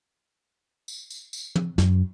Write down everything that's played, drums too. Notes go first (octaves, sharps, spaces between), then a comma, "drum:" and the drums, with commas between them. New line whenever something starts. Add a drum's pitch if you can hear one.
drum: tambourine
drum: tambourine
drum: tambourine
drum: tom
F#2, drum: snare